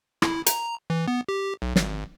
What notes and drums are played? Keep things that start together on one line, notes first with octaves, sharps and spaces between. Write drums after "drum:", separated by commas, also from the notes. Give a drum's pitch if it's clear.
E4, drum: rim click
A#5, drum: hi-hat
E3
B3
G4
B1
G#1, drum: snare